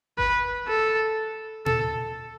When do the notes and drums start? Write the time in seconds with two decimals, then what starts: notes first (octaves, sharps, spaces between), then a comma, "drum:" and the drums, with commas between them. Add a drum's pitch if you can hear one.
0.18 B4, drum: kick G#1
0.67 A4
1.66 A4, drum: tom A#2